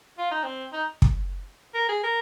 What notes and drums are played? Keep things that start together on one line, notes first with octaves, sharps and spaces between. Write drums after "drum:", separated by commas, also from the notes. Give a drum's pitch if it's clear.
F4
D#4
C4
D#4
drum: kick
A#4
G#4
A#4